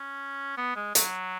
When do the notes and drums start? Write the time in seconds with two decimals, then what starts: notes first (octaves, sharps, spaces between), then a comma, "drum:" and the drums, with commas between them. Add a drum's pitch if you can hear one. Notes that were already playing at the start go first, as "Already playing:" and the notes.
Already playing: C#4
0.57 B3
0.76 G#3
0.95 F#3, drum: hi-hat